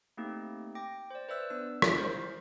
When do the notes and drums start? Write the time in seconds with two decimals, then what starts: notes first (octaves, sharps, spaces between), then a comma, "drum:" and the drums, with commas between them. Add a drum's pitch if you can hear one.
0.17 A3 A#3 C4 D#4 G4
0.75 G5 D6 A#6
1.11 C5 D5
1.29 B4 C5 D5 E5 E6 F#6
1.50 B3 D4 E6
1.82 drum: rim click
1.96 E4 A#4 C5